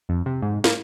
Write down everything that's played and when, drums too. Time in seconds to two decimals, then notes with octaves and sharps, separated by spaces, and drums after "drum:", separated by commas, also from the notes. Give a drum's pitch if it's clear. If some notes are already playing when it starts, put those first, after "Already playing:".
0.09 F2
0.26 C3
0.42 G#2
0.64 A#3, drum: snare